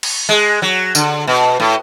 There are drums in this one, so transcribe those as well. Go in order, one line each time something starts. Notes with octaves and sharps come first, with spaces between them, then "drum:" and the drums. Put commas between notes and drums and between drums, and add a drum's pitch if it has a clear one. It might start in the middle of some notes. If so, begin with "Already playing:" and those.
drum: cymbal
G#3
F#3
D3, drum: tambourine
B2
A2